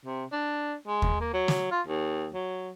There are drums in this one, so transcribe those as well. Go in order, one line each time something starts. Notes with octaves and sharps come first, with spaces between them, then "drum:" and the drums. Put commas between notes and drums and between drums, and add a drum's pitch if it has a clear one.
C3
D4
G#3
drum: kick
A#3
F#3
drum: snare
F4
D#2
F#3